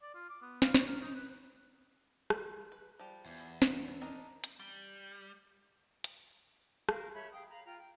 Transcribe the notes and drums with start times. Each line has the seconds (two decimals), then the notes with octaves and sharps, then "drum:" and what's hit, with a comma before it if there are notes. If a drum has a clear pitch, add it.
0.02 D5
0.15 F4
0.30 D6
0.42 B3
0.62 F5, drum: snare
0.74 C#5, drum: snare
0.87 A#4
1.01 D#4
1.15 B4
2.30 drum: rim click
2.72 B4
2.99 F3 G3
3.26 E2
3.62 drum: snare
4.01 D4 D#4 A#4
4.44 drum: hi-hat
4.60 G3
6.04 drum: hi-hat
6.89 A#4 F5, drum: rim click
7.13 C#5 E5 B5 G#6
7.33 F5 G5 D#6
7.50 F5 A#5 B5
7.65 F4 G5 A#5
7.78 G5